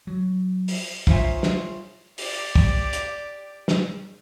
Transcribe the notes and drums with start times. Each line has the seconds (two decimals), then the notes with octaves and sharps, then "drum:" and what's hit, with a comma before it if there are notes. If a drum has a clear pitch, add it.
0.07 F#3
0.68 drum: open hi-hat
1.07 D#4 F4 C5 C#5 E5 G#5, drum: kick
1.43 drum: snare
2.18 G4 D5, drum: open hi-hat
2.55 drum: kick
2.93 drum: hi-hat
3.68 drum: snare